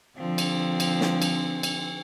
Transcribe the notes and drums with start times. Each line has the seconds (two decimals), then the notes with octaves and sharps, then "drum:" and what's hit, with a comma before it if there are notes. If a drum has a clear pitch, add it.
0.17 D3 F3 C4
0.38 drum: cymbal
0.80 drum: cymbal
1.01 drum: snare
1.22 drum: cymbal
1.63 drum: cymbal